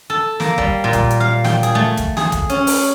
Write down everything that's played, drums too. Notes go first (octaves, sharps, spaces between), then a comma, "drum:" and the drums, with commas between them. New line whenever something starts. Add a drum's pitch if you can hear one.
A4
A#3, drum: snare
G3, drum: kick
A#2
drum: kick, hi-hat
drum: hi-hat
F5
G5, drum: snare
G#4, drum: hi-hat
A3
drum: kick, hi-hat
G#4, drum: snare
drum: kick, hi-hat
C#4, drum: hi-hat
drum: open hi-hat